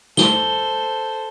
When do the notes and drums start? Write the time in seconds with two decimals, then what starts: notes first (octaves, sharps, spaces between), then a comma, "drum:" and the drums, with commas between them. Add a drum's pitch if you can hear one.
0.17 A4 C5 G7, drum: snare